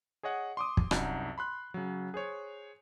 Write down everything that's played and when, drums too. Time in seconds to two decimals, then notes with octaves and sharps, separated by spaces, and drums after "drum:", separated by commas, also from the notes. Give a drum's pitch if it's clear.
0.23 G#4 C#5 D#5 F#5
0.57 C6 D6 D#6
0.77 drum: kick
0.91 C2 F#2 D#4 F#5, drum: rim click
1.38 B5 C6 F#6
1.74 C#3 F#3
2.14 G#4 C5 C#5